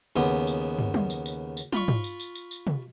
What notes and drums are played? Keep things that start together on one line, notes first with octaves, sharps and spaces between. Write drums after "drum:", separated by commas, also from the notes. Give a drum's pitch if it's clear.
D#2 C#3 B3 C6
drum: tambourine
drum: tom
drum: tom
drum: tambourine
drum: tambourine
drum: tambourine
F4 B5 C#6, drum: tom
drum: tom
drum: tambourine
drum: tambourine
drum: tambourine
drum: tambourine
drum: tom